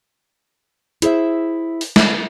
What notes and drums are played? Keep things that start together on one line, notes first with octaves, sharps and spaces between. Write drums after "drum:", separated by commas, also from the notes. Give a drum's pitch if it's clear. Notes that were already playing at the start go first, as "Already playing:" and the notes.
E4 G#4 C5 E5, drum: hi-hat
drum: open hi-hat
drum: snare